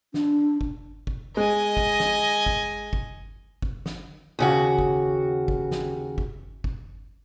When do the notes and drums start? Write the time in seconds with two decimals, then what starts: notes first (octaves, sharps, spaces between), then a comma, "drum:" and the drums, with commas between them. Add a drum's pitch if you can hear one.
0.14 D4, drum: snare
0.61 drum: kick
1.07 drum: kick
1.37 G#3 D#5 G#5
1.77 drum: kick
2.00 drum: snare
2.46 drum: kick
2.93 drum: kick
3.62 drum: kick
3.86 drum: snare
4.39 D#2 C#3 F#4
4.79 drum: kick
5.48 drum: kick
5.71 drum: snare
6.18 drum: kick
6.64 drum: kick